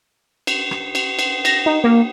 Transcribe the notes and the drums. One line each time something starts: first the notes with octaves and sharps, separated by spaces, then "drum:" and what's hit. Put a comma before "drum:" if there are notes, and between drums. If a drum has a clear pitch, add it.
drum: cymbal
drum: rim click
drum: cymbal
drum: cymbal
A#6, drum: cymbal
D#4
A#3